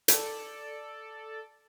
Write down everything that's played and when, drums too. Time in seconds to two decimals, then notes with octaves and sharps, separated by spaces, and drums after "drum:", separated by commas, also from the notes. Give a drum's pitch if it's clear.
0.08 A4 D5, drum: hi-hat